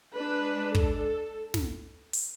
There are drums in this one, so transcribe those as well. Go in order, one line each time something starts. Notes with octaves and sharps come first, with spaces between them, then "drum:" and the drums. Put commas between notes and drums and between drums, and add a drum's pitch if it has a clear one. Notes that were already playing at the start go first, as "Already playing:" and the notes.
G#3 D4 B4
A4, drum: kick
drum: snare
drum: open hi-hat